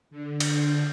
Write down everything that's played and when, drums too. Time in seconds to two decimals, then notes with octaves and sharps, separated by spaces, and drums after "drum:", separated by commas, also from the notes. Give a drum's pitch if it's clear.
0.11 D3
0.40 drum: cymbal